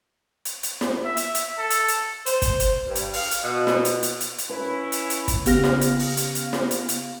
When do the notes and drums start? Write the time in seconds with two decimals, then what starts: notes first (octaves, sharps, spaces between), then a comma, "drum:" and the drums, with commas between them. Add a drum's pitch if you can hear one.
0.45 drum: hi-hat
0.63 drum: hi-hat
0.81 drum: snare
1.06 E5
1.17 drum: hi-hat
1.35 drum: hi-hat
1.58 A4
1.70 drum: hi-hat
1.88 drum: hi-hat
2.26 C5, drum: hi-hat
2.42 drum: kick, hi-hat
2.60 drum: hi-hat
2.86 G2
2.95 drum: hi-hat
3.13 F5, drum: open hi-hat
3.31 drum: hi-hat
3.44 B2
3.67 drum: snare
3.85 drum: hi-hat
4.03 drum: hi-hat
4.20 drum: hi-hat
4.38 drum: hi-hat
4.49 C#4 E4 F4 B4
4.92 drum: hi-hat
5.10 drum: hi-hat
5.28 drum: kick, hi-hat
5.46 C#3 B3 G4 F5 F6 A#6, drum: hi-hat
5.63 drum: snare
5.81 drum: hi-hat
5.99 drum: open hi-hat
6.17 drum: hi-hat
6.35 drum: hi-hat
6.53 drum: snare
6.71 drum: hi-hat
6.89 drum: hi-hat